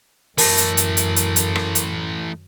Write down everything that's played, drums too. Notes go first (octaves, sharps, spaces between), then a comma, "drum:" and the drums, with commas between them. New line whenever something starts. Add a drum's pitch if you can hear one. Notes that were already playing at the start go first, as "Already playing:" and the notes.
F#2 E3 A3 A#4 A5 A#6, drum: open hi-hat
drum: hi-hat
drum: hi-hat
drum: hi-hat
drum: hi-hat
drum: hi-hat
drum: rim click
drum: hi-hat